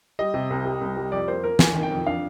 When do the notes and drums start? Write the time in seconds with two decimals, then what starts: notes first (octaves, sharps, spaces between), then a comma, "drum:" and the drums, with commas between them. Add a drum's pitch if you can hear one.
0.19 G3 D#5
0.34 C3
0.50 C2
0.65 G3
0.81 C2
0.97 G3
1.12 F2 D5
1.28 A#3 C5
1.44 A#3 A#4
1.59 A#3 G#5, drum: snare
1.75 D#3
1.83 G5
1.91 F2
2.06 D4 F5